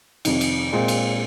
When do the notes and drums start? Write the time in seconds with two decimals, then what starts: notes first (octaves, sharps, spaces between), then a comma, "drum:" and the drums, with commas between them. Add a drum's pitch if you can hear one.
0.25 F2 C3 D#3, drum: cymbal
0.41 drum: cymbal
0.73 A#2 G#3 C4
0.88 drum: cymbal